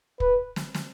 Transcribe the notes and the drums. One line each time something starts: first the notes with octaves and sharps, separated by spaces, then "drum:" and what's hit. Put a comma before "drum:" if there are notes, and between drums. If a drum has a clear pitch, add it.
B4, drum: kick
drum: snare
drum: snare